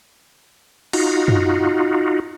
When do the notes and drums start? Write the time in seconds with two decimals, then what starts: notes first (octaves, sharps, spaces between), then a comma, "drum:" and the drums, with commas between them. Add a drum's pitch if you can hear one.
0.93 D#4 F4 F#4, drum: cymbal
1.28 drum: tom F#2